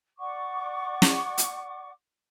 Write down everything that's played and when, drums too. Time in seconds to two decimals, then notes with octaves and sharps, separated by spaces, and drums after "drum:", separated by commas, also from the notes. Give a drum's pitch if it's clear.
0.18 D5 F#5 C#6 D6
1.02 drum: snare
1.38 drum: hi-hat